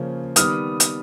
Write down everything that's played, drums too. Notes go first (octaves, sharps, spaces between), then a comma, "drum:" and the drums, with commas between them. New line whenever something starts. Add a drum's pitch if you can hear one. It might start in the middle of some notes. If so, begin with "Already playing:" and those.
Already playing: C#3 F3 A#3 C#4
D#3 G3 B3 D#6 F6, drum: hi-hat
drum: hi-hat